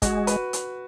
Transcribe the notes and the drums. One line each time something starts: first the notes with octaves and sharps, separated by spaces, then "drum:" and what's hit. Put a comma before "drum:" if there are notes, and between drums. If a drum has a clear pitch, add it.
G#3 F#4, drum: kick, hi-hat
B4, drum: hi-hat
drum: hi-hat